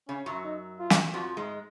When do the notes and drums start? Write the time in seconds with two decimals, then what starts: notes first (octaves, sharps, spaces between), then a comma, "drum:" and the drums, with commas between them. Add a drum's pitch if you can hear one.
0.08 C#3 C#4
0.26 F#2 F#3
0.44 D#4
0.79 F4
0.90 drum: snare
1.13 F2 F3 F#4
1.37 G#2 G#3